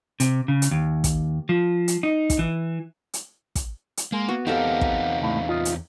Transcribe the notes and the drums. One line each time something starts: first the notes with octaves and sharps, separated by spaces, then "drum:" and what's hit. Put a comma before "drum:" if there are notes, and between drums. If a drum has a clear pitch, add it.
C3, drum: hi-hat
C#3
drum: hi-hat
D#2
drum: kick, hi-hat
F3
drum: hi-hat
D#4
drum: kick, hi-hat
E3
drum: hi-hat
drum: kick, hi-hat
drum: hi-hat
G#3 A#3
B3 F#4
E2 C4 D#4 G4 A4 A#4 F5
drum: kick
C#2 A2
F4 D#5
drum: hi-hat